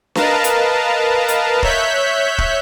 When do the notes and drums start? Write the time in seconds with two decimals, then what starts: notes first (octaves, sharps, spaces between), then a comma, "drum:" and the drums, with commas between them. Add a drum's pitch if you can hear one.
0.15 A#4 B4 D#5 F5 A5 A#5, drum: snare D4
0.44 drum: hi-hat
1.28 drum: hi-hat
1.63 C#5 E5 F#6 G6 B6, drum: kick
2.38 drum: kick